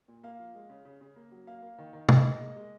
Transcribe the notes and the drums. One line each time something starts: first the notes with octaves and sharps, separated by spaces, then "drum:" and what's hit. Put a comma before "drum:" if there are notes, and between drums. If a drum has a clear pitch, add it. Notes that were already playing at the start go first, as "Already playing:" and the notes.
A#2
A#3 F5
F3
G#3
C#3
C#3
C#3
A#3
F#3
A#3 F5
A#3
D#3
D#3
A#3 D#5, drum: tom C3
A#3
G#3
G#3